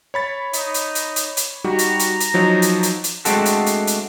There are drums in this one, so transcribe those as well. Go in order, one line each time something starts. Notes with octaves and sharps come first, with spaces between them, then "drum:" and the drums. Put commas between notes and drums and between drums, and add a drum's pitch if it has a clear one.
C#5 B5 A6
D#4, drum: hi-hat
drum: hi-hat
drum: hi-hat
drum: hi-hat
drum: hi-hat
G3 D#4 F#4 A#5
drum: hi-hat
drum: hi-hat
drum: hi-hat
F3 F#3 D#4
drum: hi-hat
drum: hi-hat
drum: hi-hat
G#3 A3 C4 D4 F#4 A4, drum: hi-hat
drum: hi-hat
drum: hi-hat
drum: hi-hat